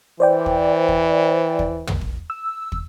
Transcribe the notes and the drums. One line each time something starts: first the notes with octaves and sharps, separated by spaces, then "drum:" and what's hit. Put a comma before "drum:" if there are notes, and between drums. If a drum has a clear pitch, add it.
E3 C5 D5 G5
drum: kick
drum: kick
drum: kick
drum: tom
drum: kick
E6
drum: kick